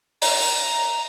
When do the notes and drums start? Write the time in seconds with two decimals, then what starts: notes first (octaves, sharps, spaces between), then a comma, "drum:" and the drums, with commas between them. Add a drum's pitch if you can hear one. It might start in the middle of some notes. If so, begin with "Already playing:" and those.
0.22 A#5, drum: open hi-hat